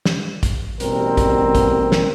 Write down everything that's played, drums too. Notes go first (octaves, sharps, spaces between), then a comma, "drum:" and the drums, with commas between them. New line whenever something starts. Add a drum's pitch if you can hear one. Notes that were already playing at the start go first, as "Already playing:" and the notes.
drum: snare
drum: kick, hi-hat
A1 B2 G3 C4 A#4, drum: hi-hat
drum: kick, hi-hat
drum: kick, hi-hat
drum: snare